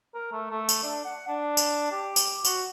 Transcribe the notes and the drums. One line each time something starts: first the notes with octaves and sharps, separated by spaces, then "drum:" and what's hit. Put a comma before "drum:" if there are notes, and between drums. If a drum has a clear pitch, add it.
A#4
A3
A3
drum: tambourine
D4
F#5
D4
drum: tambourine
G4
drum: tambourine
F#4, drum: tambourine